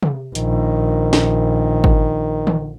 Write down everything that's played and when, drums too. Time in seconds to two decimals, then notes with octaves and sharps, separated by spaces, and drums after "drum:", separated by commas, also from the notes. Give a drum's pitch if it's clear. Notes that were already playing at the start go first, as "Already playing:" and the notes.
0.03 drum: tom C3
0.35 A#1 D#3, drum: hi-hat
1.13 drum: snare
1.84 drum: kick G#1
2.47 drum: tom D3